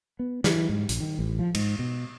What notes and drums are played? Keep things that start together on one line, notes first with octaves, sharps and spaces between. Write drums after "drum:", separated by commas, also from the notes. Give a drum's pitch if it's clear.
B3
E3, drum: snare
G#2
A#1, drum: hi-hat
D#3
A1
F3
G#2, drum: cymbal
B2